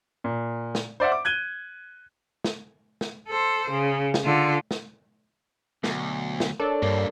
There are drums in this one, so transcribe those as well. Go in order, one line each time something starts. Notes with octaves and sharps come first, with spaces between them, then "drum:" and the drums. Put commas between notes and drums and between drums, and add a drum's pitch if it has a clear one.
A#2
drum: snare
C5 D5 E5 F#5
D6
F#6 G#6 D#7 G7
drum: snare
drum: snare
A4 C5
C#3
drum: snare
D3 F4
drum: snare
D2 B2 F#3, drum: snare
drum: snare
D4 A4 A#4 C#5 D5 A5
G2 G3 A#3 A4 A#4